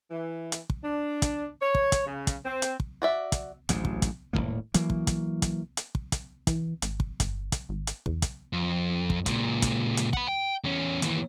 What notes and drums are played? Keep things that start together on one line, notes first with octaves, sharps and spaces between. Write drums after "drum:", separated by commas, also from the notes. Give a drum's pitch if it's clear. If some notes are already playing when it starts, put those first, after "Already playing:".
E3
drum: hi-hat
drum: kick
D4
drum: kick, hi-hat
C#5
drum: kick
drum: kick, hi-hat
C#3
drum: kick, hi-hat
C4
drum: hi-hat
drum: kick
F#4 D5 E5
drum: kick, hi-hat
A1 D2 G#2 F#3, drum: hi-hat
drum: kick
drum: kick, hi-hat
D#1 E2 A2 A#3
E3 F#3 A#3, drum: hi-hat
drum: kick
drum: kick, hi-hat
drum: kick, hi-hat
drum: hi-hat
drum: kick
drum: kick, hi-hat
E3, drum: kick, hi-hat
G#1, drum: hi-hat
drum: kick
G1, drum: kick, hi-hat
drum: kick, hi-hat
G#1
drum: hi-hat
E2, drum: kick
drum: kick, hi-hat
F2
drum: kick
C#2 A#2, drum: kick, hi-hat
drum: kick, hi-hat
drum: hi-hat
F#5 B5, drum: kick
G5
E2 C#4
D#2 E3, drum: hi-hat